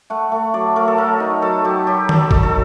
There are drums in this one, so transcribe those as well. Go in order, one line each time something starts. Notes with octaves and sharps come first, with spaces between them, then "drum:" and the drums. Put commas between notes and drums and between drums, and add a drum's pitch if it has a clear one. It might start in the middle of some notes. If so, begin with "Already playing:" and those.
A3 F#5
A3
F#3 D5
A3 A#4
A4
F#3 A#4
D#4
F#3 A4
F#3 G4
F#3 G4
F#3 A4, drum: tom D#3
D#4 A4, drum: kick G1
A4